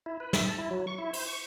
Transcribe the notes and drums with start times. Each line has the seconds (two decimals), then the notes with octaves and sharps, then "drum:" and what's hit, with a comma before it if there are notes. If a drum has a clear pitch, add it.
0.06 E4
0.20 B4
0.33 E5, drum: snare
0.47 A5
0.58 E4
0.71 F#3
0.87 C#6
0.98 E4
1.13 C5, drum: open hi-hat
1.27 C#6